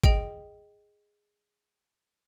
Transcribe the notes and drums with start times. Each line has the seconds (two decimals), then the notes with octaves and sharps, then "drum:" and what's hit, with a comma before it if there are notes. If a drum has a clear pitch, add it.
0.04 G#4 D#5 G5 D7, drum: kick G#1